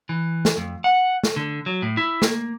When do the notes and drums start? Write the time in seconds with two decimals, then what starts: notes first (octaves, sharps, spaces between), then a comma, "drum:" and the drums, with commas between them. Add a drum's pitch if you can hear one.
0.09 E3
0.45 drum: snare
0.57 F2
0.84 F#5
1.23 drum: snare
1.36 D3
1.66 F#3
1.82 A2
1.97 E4
2.22 A#3, drum: snare